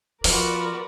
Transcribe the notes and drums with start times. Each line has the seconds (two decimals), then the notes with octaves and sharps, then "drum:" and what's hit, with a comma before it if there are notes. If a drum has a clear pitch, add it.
0.24 F3 B3 F4 F#4 A#4 B4 D5, drum: open hi-hat